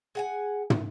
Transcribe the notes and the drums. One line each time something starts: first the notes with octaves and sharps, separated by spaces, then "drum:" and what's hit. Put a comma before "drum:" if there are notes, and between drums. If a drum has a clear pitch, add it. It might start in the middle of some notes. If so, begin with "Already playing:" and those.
G#4 F#5 G#5
drum: tom